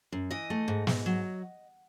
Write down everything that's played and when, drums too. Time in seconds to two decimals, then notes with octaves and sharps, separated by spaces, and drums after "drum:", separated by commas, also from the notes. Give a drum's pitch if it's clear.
0.12 F#2
0.31 E3 D#5
0.50 A3
0.68 G#2
0.87 G#2, drum: snare
1.06 F#3